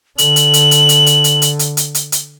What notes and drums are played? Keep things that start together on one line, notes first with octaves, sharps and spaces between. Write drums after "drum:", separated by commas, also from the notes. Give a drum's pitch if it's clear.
D3 F#7, drum: hi-hat
drum: hi-hat
drum: hi-hat
drum: hi-hat
drum: hi-hat
drum: hi-hat
drum: hi-hat
drum: hi-hat
drum: hi-hat
drum: hi-hat
drum: hi-hat
drum: hi-hat